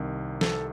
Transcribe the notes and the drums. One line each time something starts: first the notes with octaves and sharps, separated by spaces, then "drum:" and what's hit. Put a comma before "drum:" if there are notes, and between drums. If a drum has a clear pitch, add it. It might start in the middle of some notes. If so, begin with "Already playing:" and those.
Already playing: C2 C3 D#3
A4, drum: snare